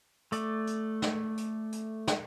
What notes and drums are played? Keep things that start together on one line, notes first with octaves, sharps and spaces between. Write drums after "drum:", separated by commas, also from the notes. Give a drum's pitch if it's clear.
A3 D5, drum: hi-hat
drum: hi-hat
drum: snare
drum: hi-hat
drum: hi-hat
drum: snare